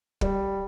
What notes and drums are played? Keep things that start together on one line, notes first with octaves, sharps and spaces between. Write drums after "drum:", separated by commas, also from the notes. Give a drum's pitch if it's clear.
G3, drum: kick